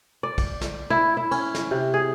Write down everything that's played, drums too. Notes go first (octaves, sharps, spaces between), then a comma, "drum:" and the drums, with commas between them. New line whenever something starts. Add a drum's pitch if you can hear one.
D5
drum: kick A#1, cymbal
drum: snare
E4
E4
C#4, drum: cymbal
drum: snare
C3
G#4